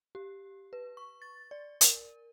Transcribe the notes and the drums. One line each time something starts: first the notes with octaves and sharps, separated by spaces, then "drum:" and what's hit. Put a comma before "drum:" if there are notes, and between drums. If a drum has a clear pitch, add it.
G4
B4
C#6
A6
D5
A#4, drum: hi-hat